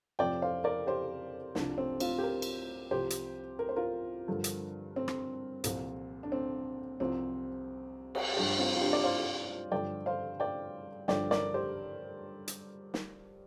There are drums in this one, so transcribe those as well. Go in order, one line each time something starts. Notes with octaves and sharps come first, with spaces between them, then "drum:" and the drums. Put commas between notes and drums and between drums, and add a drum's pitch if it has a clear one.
F2 C3 F3 D5 G5
C5 F5
A#4 D5
G4 C5
C2 C3 F3 D4, drum: snare
C4
C4 F4, drum: cymbal
G4
F4 A#4
drum: cymbal
C2 C3 F3 G4 C5
drum: hi-hat
A#4
C5
F4 A#4
G2 D3 F3
drum: hi-hat
C4
drum: rim click
C2 A#2 F3, drum: hi-hat
D4
C4
C2 C3 F3 C4
drum: cymbal
G2 F3 D4 G4
C4 F4
F4
D4 G4
D5
C5 F5
G2 D3 F3 D5 G5
C5 F5
D5 G5
G2 D3 F3 D5 G5, drum: snare
A#4 D5, drum: snare
G4 C5
drum: hi-hat
drum: snare